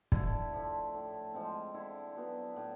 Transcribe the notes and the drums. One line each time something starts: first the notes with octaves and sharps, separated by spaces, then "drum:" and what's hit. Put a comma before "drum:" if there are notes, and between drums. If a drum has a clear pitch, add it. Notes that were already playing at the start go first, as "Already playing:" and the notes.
D3 E4, drum: kick
F3 A3
A2
F3 G#3 C4
D3 E4
F#3 B3
A2